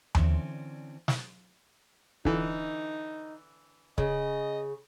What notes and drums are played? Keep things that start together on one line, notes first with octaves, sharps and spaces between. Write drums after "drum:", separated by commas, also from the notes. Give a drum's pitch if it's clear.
D3 E3 C4 C#4 D5, drum: tom D#2
drum: snare
D3 E3 D#4, drum: kick
C#3 D#5, drum: kick